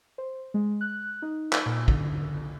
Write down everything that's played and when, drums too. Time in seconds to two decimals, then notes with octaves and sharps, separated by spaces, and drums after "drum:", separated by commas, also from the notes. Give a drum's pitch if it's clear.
0.18 C5
0.54 G#3
0.81 F#6
1.22 D#4
1.53 drum: clap
1.66 A#2
1.88 D3, drum: kick